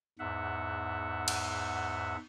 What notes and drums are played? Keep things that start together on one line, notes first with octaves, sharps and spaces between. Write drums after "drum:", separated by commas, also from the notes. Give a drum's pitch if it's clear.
E2 G#2 E5 F#5
drum: cymbal